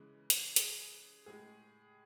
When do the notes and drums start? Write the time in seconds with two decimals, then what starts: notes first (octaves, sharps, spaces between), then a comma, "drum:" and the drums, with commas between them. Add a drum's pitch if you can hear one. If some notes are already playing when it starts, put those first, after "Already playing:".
Already playing: C#3 E3 G#3
0.30 drum: hi-hat
0.56 G#4, drum: hi-hat
1.26 A2 G#3 G#4